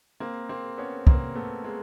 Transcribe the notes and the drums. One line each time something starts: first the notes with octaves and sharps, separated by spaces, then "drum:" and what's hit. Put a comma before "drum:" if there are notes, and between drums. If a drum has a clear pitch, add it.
A#3 C4
A#3 C4
B3 C#4
A#3 C4, drum: kick
A3 B3
G#3 A#3